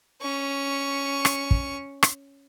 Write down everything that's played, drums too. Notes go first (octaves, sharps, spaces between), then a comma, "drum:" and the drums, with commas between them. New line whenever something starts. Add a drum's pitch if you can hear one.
C#4 C#6
drum: rim click
drum: kick
drum: rim click